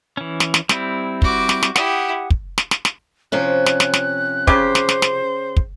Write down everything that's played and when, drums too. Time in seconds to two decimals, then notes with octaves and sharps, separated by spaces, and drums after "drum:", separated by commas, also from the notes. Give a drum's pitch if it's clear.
0.17 E3 C#4
0.40 drum: snare
0.54 drum: snare
0.69 G3 C4 E4, drum: snare
1.22 F#4 D6, drum: kick
1.49 drum: snare
1.63 drum: snare
1.76 E4 G4 F#5 D#6, drum: snare
2.30 drum: kick
2.58 drum: snare
2.71 drum: snare
2.85 drum: snare
3.32 C3 F3 C#4 F#6
3.66 drum: snare
3.80 drum: snare
3.94 drum: snare
4.47 C#3 G4 C5, drum: kick
4.75 drum: snare
4.89 drum: snare
5.02 drum: snare
5.57 drum: kick